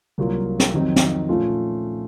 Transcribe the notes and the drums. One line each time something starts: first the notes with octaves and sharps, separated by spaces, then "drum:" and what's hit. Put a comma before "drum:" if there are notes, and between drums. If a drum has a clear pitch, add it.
C2 C3 F#3 A#3 F4
drum: snare
F2 D#3 F#3 C4 D#4
drum: snare
A#2 F3 A3 C#4 F4